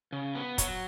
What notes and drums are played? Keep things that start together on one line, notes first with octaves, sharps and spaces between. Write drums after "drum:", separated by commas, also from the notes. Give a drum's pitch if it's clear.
C#3
B3
F#3 C#5, drum: kick, hi-hat